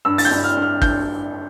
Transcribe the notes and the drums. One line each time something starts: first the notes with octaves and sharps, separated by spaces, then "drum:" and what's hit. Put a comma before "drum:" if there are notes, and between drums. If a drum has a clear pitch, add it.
G2 E6
A6, drum: open hi-hat
G6
G2
F6
G2
F6
G2 G6, drum: kick G#1